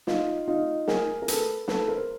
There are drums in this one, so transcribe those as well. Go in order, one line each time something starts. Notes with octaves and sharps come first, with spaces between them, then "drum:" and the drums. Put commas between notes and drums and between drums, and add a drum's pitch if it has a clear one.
D#4 F4, drum: snare
D#4 F4
G#4 A#4, drum: snare
A#4
A4 B4, drum: hi-hat
A4 B4, drum: snare
A#4 C5